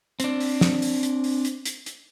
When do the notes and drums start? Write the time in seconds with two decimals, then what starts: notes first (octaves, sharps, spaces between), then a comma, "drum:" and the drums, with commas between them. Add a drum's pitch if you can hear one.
0.20 C4 D4, drum: hi-hat
0.40 drum: open hi-hat
0.61 drum: snare
0.82 drum: open hi-hat
1.03 drum: hi-hat
1.24 drum: open hi-hat
1.45 drum: hi-hat
1.66 drum: hi-hat
1.86 drum: hi-hat